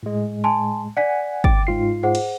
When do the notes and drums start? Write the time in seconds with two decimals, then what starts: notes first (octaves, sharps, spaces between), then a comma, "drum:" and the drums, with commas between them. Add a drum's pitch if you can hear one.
0.03 A2 G#3
0.44 G#5 A5 C6
0.97 D5 F#5 G#5 B6
1.44 G5 D6 A6, drum: kick
1.67 G#2 F4 C7
2.03 G#4 C5 F#5
2.15 drum: cymbal